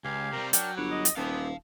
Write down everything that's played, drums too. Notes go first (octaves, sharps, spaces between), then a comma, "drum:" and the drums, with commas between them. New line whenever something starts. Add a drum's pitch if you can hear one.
C#2 G4 F5 G#5
C3 G3 A#4
F#3 D4 A#4 D5 G5, drum: hi-hat
G1 B4 C#5 F#5 D6
D#5
drum: hi-hat
D#1 B3 C4 G4 G#4 F5 A5